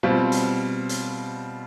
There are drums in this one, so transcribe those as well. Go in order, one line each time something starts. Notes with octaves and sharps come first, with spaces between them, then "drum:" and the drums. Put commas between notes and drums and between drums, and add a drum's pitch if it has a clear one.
B2 G3 C4 F4
drum: hi-hat
drum: hi-hat